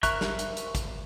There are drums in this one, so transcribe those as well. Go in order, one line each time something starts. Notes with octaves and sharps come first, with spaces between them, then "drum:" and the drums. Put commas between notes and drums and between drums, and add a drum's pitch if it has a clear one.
A#4 E5 A#5 C#6 F#6, drum: kick, hi-hat
drum: snare
drum: hi-hat
drum: hi-hat
drum: kick, hi-hat